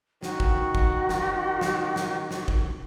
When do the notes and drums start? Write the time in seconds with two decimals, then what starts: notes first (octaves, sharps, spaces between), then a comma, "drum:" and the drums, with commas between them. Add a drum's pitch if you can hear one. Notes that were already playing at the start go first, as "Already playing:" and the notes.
0.23 D#3 F#4, drum: snare
0.40 drum: kick
0.75 drum: kick
1.09 drum: snare
1.61 drum: snare
1.96 drum: snare
2.31 drum: snare
2.48 drum: kick